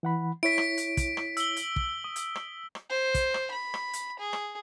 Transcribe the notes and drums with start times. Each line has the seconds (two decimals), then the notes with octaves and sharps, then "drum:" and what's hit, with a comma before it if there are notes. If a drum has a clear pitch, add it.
0.03 E3 F#5 B5
0.43 E4 C#5 B6 D7
0.58 drum: rim click
0.78 drum: hi-hat
0.97 drum: kick, hi-hat
1.17 drum: rim click
1.37 E6 G7, drum: hi-hat
1.56 drum: hi-hat
1.76 drum: kick
2.04 D#6
2.16 drum: hi-hat
2.35 drum: rim click
2.75 drum: rim click
2.90 C5
3.14 drum: kick, hi-hat
3.34 drum: rim click
3.51 B5
3.74 drum: rim click
3.93 drum: hi-hat
4.19 G#4
4.33 drum: rim click